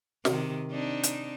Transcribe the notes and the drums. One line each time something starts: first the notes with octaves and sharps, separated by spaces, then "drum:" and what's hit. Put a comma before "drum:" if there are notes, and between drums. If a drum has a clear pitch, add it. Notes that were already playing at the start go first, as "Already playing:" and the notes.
C3 D#3, drum: snare
C4 D4 D#4
drum: hi-hat